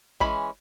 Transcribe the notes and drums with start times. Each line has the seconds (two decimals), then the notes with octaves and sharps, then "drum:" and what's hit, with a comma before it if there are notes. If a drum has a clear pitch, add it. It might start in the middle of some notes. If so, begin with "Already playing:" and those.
0.20 E3 G#3 C#4 B5, drum: kick